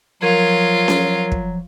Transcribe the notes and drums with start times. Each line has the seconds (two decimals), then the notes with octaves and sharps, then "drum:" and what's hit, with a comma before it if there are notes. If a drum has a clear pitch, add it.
0.22 F3 F#3 F4 A#4 G#6
0.88 drum: snare C#4
1.32 drum: kick